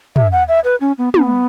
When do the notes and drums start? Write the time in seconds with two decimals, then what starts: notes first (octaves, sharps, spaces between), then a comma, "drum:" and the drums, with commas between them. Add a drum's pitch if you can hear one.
0.16 E5, drum: tom
0.32 F#5
0.48 E5
0.64 B4
0.81 C#4
0.98 B3
1.14 B3, drum: tom